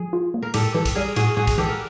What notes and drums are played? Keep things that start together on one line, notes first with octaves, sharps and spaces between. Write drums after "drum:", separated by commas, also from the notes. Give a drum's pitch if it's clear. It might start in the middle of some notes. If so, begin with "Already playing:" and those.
Already playing: F3 G#4
F4
A#3
A#4
A2 G4 A4, drum: cymbal
E3 G4 A4
drum: kick, cymbal
G3 G#4 A#4
A2 F#4 G#4, drum: cymbal
A2 F#4 G#4
drum: kick, cymbal
E3 G4 A4
A#4